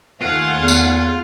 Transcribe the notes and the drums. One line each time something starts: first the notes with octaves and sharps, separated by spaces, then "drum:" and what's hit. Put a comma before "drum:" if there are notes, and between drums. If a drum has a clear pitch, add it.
D#2 A3 F4 F5 F#5 G#5
E2
drum: tambourine